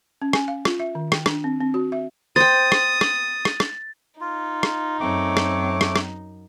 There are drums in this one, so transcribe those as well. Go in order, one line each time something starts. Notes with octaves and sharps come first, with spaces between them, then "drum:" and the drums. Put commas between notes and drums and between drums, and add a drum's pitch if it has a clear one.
C#4
G#5, drum: rim click
F5
F4, drum: rim click
E5
D#3
G5, drum: rim click
D4, drum: rim click
C4
C4
F#4
E5
C5 G5 D#6 A6
drum: rim click
drum: rim click
drum: rim click
drum: rim click
D#4 F4
drum: rim click
F#2 A3 C4 C#5 D6
drum: rim click
drum: rim click
drum: rim click